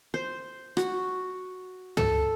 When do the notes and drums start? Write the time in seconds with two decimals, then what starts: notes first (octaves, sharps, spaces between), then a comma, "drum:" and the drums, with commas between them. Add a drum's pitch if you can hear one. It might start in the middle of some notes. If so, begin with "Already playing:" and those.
0.14 C5
0.77 F#4, drum: rim click
1.97 A4, drum: tom